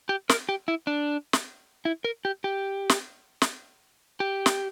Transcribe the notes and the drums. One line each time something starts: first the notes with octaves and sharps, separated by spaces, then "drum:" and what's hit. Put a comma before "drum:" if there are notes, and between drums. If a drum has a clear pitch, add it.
G4
A#4, drum: snare
G4
E4
D4
drum: snare
E4
A#4
G4
G4
drum: snare
drum: snare
G4
drum: snare